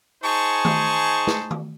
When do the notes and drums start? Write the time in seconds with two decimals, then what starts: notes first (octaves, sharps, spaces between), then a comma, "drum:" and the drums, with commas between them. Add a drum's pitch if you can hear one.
0.23 D#4 G#4 C5 G#5 A5 C#6, drum: open hi-hat
0.65 drum: tom D#3
1.27 drum: snare
1.51 drum: tom D#3